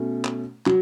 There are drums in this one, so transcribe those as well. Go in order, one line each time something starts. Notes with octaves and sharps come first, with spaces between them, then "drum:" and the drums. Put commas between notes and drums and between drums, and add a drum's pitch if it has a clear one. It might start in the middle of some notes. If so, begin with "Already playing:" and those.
Already playing: B2 A3 C#4
drum: clap
F#3, drum: clap